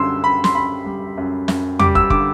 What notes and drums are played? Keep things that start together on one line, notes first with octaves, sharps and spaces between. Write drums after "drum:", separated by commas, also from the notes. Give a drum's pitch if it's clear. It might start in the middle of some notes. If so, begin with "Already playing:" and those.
Already playing: F#2 D3 G3 C6 E6
D3 B5
C6, drum: snare
F#2 B5
G3
F#2
F#2, drum: snare
G3 D6, drum: tom E2
E6, drum: kick
D3 D6, drum: kick